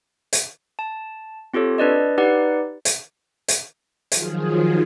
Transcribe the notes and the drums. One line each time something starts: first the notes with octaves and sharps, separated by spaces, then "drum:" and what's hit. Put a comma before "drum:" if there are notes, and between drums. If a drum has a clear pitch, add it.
drum: hi-hat
A5
C4 F4 G4 A4 C#5
D4 B4 D5 D#5
D#4 G4 B4 D5 F#5
drum: hi-hat
drum: hi-hat
D#3 F3 F#3 F4 G#4, drum: hi-hat